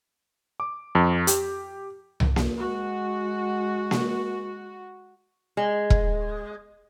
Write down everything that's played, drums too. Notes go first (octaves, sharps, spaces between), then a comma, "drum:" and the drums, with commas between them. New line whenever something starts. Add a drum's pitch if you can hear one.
D6
F2
G4, drum: hi-hat
drum: tom C2
drum: snare A#3
G#3 F#4
drum: snare A#3
G#3
drum: kick E1